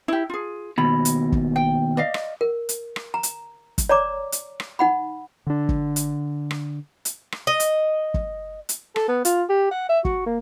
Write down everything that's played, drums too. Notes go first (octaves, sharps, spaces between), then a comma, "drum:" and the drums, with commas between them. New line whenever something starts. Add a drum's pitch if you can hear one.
E4 G4
F4 G#4
D#2 B2 B5
drum: hi-hat
drum: kick
G5
D5 D#5 F5
drum: rim click
A#4
drum: hi-hat
drum: rim click
A#5
drum: hi-hat
drum: kick, hi-hat
C#5 D5 A#5 D6
drum: hi-hat
drum: rim click
D#4 F#5 B5
D3 D4
drum: kick
drum: hi-hat
drum: rim click
drum: hi-hat
drum: rim click
D#5
drum: hi-hat
drum: kick
drum: hi-hat
A4, drum: rim click
B3
F4, drum: hi-hat
G4
F#5
E5
F#4, drum: kick
A#3